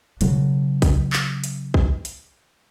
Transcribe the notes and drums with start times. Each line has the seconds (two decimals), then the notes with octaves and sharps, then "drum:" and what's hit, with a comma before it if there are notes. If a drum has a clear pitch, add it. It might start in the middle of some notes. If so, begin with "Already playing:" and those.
0.21 C#3 F#3, drum: hi-hat
0.82 drum: kick, hi-hat
1.13 drum: clap
1.44 drum: hi-hat
1.74 drum: kick
2.05 drum: hi-hat